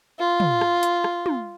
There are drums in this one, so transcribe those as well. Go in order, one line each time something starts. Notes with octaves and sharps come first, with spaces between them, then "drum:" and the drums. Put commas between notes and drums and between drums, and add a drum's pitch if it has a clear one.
F4
drum: tom
drum: rim click
drum: hi-hat
drum: rim click
drum: tom